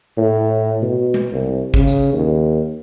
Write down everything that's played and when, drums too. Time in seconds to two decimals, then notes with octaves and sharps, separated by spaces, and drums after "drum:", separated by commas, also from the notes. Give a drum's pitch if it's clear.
0.17 A2
0.82 B2
1.14 drum: tom G#3
1.32 C2
1.74 C#3, drum: kick
1.87 drum: tambourine
2.13 D#2